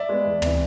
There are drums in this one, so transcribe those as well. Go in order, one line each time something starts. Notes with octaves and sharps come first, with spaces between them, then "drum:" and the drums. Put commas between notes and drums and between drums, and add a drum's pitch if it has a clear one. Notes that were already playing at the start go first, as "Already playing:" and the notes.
Already playing: D5 E5
G#3 B3
E2
C3 E3, drum: tom